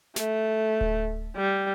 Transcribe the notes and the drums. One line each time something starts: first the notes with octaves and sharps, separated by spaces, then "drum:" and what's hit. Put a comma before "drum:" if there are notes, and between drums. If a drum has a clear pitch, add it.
A3, drum: snare
drum: kick D1
G3